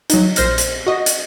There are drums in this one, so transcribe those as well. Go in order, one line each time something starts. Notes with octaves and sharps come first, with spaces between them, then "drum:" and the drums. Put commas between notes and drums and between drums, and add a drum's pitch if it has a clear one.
F#3 D#4, drum: hi-hat
A#1 C5 F6 A#6, drum: hi-hat
drum: hi-hat
F#4 D#5
drum: hi-hat